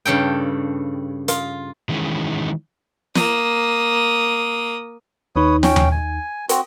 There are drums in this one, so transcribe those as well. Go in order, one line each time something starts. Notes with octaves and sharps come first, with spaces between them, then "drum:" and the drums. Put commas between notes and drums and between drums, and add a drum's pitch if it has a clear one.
G2 C#3 A4 G5
F4, drum: hi-hat
D#3 E3 G#3 C#4
A#3 D#6, drum: snare
D#2 D#4 B4 C#5 D#6
C#4 G5, drum: snare
drum: tom D#2
G#5
C4 F#4, drum: hi-hat